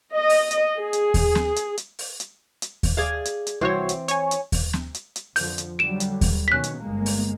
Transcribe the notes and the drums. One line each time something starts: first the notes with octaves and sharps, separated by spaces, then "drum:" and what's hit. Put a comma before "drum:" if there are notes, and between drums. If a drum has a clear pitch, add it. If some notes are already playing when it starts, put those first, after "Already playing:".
D#5
drum: open hi-hat
drum: hi-hat
G#4
drum: hi-hat
drum: kick D#2, open hi-hat
drum: snare
drum: hi-hat
drum: hi-hat
drum: open hi-hat
drum: hi-hat
drum: hi-hat
drum: kick D#2, open hi-hat
G#4 D5 F5
drum: hi-hat
drum: hi-hat
C2 E3 C4 F#4 C5 C#5
drum: hi-hat
C#5 G#5, drum: hi-hat
drum: hi-hat
drum: kick D#2, open hi-hat
drum: snare
drum: hi-hat
drum: hi-hat
F2 D3 F3 G6, drum: open hi-hat
drum: hi-hat
D3 F#3 G3 D7 E7
drum: hi-hat
drum: kick D#2, open hi-hat
B2 D#3 C#4 F#6 B6
drum: hi-hat
G1 G#3 A#3
drum: open hi-hat